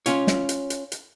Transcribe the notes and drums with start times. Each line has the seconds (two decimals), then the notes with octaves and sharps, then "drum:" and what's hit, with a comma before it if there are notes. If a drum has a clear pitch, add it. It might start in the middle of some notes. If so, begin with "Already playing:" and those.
0.06 C#4 F4 C#5, drum: hi-hat
0.27 drum: snare
0.49 drum: hi-hat
0.70 drum: hi-hat
0.92 drum: hi-hat